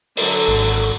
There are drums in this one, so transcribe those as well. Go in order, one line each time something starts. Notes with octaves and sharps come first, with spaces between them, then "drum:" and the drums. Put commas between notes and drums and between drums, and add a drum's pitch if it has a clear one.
D3 F#3 A4, drum: open hi-hat
G#1